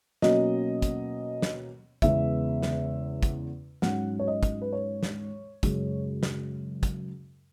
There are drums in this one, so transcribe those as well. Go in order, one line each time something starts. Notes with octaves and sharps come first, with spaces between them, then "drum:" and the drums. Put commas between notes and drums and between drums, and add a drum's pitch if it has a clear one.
B2 F#3 A#3 C#4 D#5, drum: snare
drum: kick, hi-hat
drum: snare
E2 C#3 G#3 B3 E5, drum: kick, hi-hat
drum: snare
drum: kick, hi-hat
G#2 F#3 C#4 F#5, drum: snare
C#5
D#5
drum: kick, hi-hat
B4
C#5
drum: snare
F#2 C#3 G#3, drum: kick, hi-hat
drum: snare
drum: kick, hi-hat